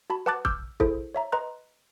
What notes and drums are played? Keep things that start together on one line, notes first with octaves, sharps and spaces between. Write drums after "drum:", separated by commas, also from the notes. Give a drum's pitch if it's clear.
F#4 A5 B5
B4 F#5 A5 D6 F#6 A6
D6 E6 F6 G6, drum: kick
E4 G#4 A4 C5, drum: kick
C#5 E5 A#5
B4 D#5 A#5 C6 F#6